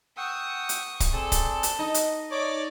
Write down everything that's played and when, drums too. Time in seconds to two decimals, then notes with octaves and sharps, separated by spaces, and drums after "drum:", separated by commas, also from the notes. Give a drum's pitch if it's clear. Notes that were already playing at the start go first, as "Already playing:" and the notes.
0.17 F#5 G5 C#6 D#6 E6
0.69 drum: hi-hat
1.00 drum: kick, hi-hat
1.13 C4 G#4 A4 D5
1.32 drum: kick, hi-hat
1.63 drum: hi-hat
1.79 D#4 D#5
1.94 drum: hi-hat
2.31 C#5 D5 D6